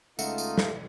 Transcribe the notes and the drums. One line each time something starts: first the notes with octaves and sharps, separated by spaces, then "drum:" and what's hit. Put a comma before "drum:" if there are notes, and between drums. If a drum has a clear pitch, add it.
C#2 A3 D#4 F4 A4 E5 F#5, drum: tambourine
drum: tambourine
drum: snare